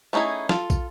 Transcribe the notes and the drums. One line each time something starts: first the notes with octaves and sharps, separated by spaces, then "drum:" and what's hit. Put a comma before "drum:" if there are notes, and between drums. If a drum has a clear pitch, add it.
A3 C#4 D#4 E4 G#4
F4 A4, drum: snare
drum: kick, tambourine